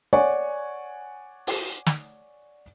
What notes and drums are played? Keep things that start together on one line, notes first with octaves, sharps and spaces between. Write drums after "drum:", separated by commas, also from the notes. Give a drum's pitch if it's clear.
C#5 D5 F#5 G#5 C#6
drum: open hi-hat
drum: snare